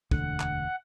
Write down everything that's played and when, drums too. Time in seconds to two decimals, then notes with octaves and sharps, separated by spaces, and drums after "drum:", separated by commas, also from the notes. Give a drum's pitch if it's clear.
0.11 E1 D2 D3 F#5, drum: kick
0.40 drum: clap